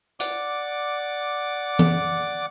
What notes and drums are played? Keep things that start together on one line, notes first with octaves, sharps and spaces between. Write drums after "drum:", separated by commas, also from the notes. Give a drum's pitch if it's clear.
D5 F#5 D6, drum: hi-hat
drum: tom E3